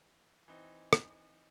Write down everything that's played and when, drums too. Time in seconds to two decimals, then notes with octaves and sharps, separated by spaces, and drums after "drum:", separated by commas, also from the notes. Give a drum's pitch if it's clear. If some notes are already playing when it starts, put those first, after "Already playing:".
Already playing: E3
0.48 E3 C4 D#4
0.93 drum: rim click